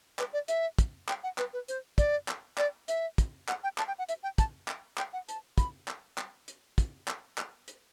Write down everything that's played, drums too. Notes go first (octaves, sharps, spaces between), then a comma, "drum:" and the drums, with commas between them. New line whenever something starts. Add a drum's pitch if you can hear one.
B4, drum: clap
D5
E5, drum: hi-hat
drum: kick, hi-hat
G5, drum: clap
F#5
B4, drum: clap
B4
C5, drum: hi-hat
D5, drum: kick, hi-hat
drum: clap
D5, drum: clap
E5, drum: hi-hat
drum: kick, hi-hat
F#5, drum: clap
G5
A5, drum: clap
G5
F#5
E5, drum: hi-hat
G5
A5, drum: kick, hi-hat
drum: clap
G5, drum: clap
F#5
A5, drum: hi-hat
B5, drum: kick, hi-hat
drum: clap
drum: clap
drum: hi-hat
drum: kick, hi-hat
drum: clap
drum: clap
drum: hi-hat